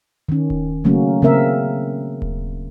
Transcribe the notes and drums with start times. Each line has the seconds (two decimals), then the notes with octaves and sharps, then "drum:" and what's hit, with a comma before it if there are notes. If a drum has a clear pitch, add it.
0.29 D#3 C#4
0.50 drum: kick D#1
0.84 C#3 F#3 A3 A#3 C#4
1.22 C#3 A#3 C4 A#4 E5
2.22 drum: kick D#1